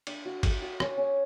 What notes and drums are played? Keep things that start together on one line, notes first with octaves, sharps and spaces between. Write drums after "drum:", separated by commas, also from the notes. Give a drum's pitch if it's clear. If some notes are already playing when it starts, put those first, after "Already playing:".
D4, drum: cymbal
F#4
A4, drum: kick, cymbal
F#4
C#4, drum: rim click
C#4